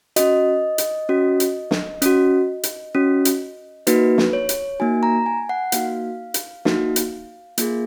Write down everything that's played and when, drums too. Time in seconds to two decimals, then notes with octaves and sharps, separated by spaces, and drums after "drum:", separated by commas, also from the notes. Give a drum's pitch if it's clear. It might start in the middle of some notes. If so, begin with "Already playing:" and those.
0.16 C#4 F#4 D#5, drum: hi-hat
0.78 drum: hi-hat
1.09 C#4 F#4
1.40 drum: hi-hat
1.71 drum: snare
2.02 C#4 F#4, drum: hi-hat
2.63 drum: hi-hat
2.95 C#4 F#4
3.25 drum: hi-hat
3.87 A#3 D#4 F#4 B4, drum: hi-hat
4.18 drum: snare
4.33 C#5
4.49 drum: hi-hat
4.80 A#3 D#4 F#4 G#5
5.03 A#5
5.26 G#5
5.49 F#5
5.72 A#3 D#4 F#4 F5, drum: hi-hat
6.34 drum: hi-hat
6.65 A#3 D#4 F#4, drum: snare
6.96 drum: hi-hat
7.58 A#3 F4 G#4, drum: hi-hat